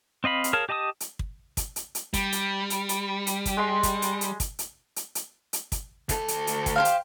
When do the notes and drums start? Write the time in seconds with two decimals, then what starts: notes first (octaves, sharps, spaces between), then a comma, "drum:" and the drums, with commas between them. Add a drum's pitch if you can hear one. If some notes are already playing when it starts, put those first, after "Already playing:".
0.24 C4 D#5 F5 B5
0.44 drum: hi-hat
0.53 G#4 A#4 C#5 F5 A5
0.69 G4 D#5 A5 A#5 D#6
1.00 drum: hi-hat
1.19 drum: kick
1.57 drum: kick, hi-hat
1.76 drum: hi-hat
1.95 drum: hi-hat
2.14 G3, drum: kick, hi-hat
2.32 drum: hi-hat
2.70 drum: hi-hat
2.89 drum: hi-hat
3.27 drum: hi-hat
3.46 drum: kick, hi-hat
3.57 G#3 D#5 C6
3.83 drum: kick, hi-hat
4.02 drum: hi-hat
4.21 drum: hi-hat
4.40 drum: kick, hi-hat
4.59 drum: hi-hat
4.96 drum: hi-hat
5.15 drum: hi-hat
5.53 drum: hi-hat
5.72 drum: kick, hi-hat
6.09 D2 A4, drum: kick, hi-hat
6.28 drum: hi-hat
6.47 drum: hi-hat
6.66 drum: kick, hi-hat
6.76 G4 C5 F5
6.85 drum: hi-hat